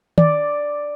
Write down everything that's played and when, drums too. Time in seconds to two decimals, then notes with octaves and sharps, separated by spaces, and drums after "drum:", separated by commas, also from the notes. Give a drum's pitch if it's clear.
0.18 D5, drum: tom D#3